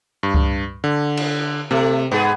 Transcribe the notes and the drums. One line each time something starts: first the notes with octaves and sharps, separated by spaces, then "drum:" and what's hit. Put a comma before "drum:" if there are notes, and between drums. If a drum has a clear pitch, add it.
G2
drum: kick C#2
D3
drum: cymbal
C3 A3
G#2 B3 G#4